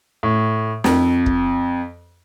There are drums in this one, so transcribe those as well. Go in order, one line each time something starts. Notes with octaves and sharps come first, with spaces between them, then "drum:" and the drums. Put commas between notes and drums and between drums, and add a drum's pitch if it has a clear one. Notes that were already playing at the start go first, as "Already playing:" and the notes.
A2
F2, drum: snare
drum: kick